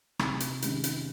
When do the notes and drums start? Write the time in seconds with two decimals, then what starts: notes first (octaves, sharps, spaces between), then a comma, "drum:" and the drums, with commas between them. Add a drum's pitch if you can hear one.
0.19 C3, drum: rim click
0.40 drum: hi-hat
0.62 D#3 G#3 C#4, drum: hi-hat
0.84 drum: hi-hat